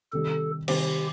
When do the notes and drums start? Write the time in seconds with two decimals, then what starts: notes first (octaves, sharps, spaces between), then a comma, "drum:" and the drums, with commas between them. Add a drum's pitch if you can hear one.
0.12 C3 D#3 G3 A4
0.68 C3 D#3 G3 G4, drum: cymbal